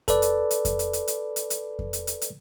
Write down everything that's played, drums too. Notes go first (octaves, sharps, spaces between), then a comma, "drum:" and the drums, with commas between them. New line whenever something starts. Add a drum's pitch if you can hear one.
A4 B4 D5, drum: kick F2, hi-hat
drum: hi-hat
drum: hi-hat
drum: kick F2, hi-hat
drum: hi-hat
drum: hi-hat
drum: hi-hat
drum: hi-hat
drum: hi-hat
drum: kick F2
drum: hi-hat
drum: hi-hat
drum: hi-hat